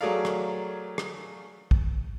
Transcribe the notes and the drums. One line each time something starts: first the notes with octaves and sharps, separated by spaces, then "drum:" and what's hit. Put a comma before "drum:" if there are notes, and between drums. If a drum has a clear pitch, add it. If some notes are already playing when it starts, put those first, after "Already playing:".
F#3 A3 G#4 A#4 D5 F5
drum: rim click
drum: rim click
drum: kick